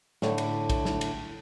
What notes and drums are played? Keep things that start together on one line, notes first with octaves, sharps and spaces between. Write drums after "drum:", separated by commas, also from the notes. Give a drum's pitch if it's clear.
A2 D3, drum: snare
drum: cymbal
drum: kick A#1, cymbal
drum: snare
drum: cymbal